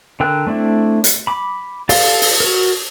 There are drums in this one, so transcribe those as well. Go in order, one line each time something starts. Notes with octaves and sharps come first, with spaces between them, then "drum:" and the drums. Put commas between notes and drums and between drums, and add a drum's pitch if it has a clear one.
D3 A#4 G5 E6 F#6
A3 C4 D4 E4
drum: hi-hat
B5 D6
F4 G4 A4 D5 F5, drum: open hi-hat
drum: open hi-hat
F#4 A#4